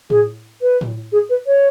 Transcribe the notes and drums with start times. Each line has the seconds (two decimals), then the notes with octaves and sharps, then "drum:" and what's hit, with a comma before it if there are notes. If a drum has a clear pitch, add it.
0.10 G#4, drum: tom A2
0.61 B4
0.81 drum: tom A2
1.12 G#4
1.29 B4
1.46 C#5